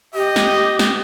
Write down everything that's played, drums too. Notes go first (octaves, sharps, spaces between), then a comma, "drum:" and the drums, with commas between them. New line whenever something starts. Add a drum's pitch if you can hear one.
G4 D#5
drum: snare
drum: snare